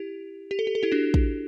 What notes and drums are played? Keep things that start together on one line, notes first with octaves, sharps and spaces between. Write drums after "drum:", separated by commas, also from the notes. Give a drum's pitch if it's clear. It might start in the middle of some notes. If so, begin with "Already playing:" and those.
Already playing: E4 G4
G4
A4
G4
A4
E4 G4
D4 F#4
drum: kick A1